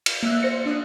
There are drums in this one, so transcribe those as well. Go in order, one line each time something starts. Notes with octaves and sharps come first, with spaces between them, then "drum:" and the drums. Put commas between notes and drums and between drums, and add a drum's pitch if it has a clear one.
drum: cymbal
A#3 E5 E6 F#6
C5 A#6 C#7
D4 D#6 F#6